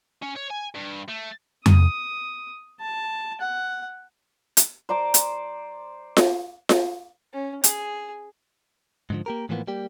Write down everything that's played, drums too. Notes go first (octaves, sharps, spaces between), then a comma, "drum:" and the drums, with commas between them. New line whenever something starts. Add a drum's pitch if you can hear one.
C#4
C#5
G#5
G2
A3
D#6, drum: tom F2
A5
F#5
drum: hi-hat
C5 D5 A#5 D6
drum: hi-hat
drum: snare F4
drum: snare F4
C#4
G#4, drum: hi-hat
G#2 D3 F3
A#3 G4 A#4
A2 E3 F3 A#3 B3
G3 A#3 G4